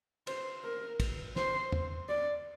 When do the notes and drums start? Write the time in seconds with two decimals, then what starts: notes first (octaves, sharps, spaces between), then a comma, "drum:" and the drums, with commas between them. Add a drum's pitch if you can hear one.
0.27 C5, drum: cymbal
0.64 A#4
1.00 drum: kick, cymbal
1.36 C5, drum: snare
1.72 drum: tom
2.09 D5